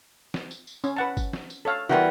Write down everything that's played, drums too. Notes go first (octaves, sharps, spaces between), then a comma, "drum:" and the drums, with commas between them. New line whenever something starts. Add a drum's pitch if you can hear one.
drum: snare
drum: tambourine
drum: tambourine
C#4, drum: tambourine
B4 F#5 A5
drum: kick G#1, tambourine
drum: snare
drum: tambourine
A4 C#5 F5
E3 G3 B3 F#4 A#4